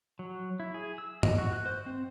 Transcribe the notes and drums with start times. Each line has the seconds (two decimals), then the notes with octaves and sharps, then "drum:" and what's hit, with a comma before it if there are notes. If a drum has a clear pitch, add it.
0.19 F#3
0.60 E4
0.74 G#4
0.98 E6
1.23 D#5, drum: tom G2
1.38 F#4
1.53 F#6
1.66 C5
1.86 C4